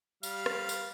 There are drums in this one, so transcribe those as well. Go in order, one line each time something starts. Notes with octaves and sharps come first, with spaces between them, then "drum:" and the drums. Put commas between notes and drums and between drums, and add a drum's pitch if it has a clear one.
G3 F5, drum: tambourine
drum: rim click
drum: tambourine